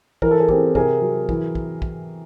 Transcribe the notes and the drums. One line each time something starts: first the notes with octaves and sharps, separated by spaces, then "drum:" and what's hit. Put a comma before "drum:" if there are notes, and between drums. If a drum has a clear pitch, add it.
E3 A#4, drum: kick
A4
G#4 A#4
C4 G4 A4, drum: kick
C3 G#4 A#4, drum: kick
F#3
E3, drum: kick
drum: kick
drum: kick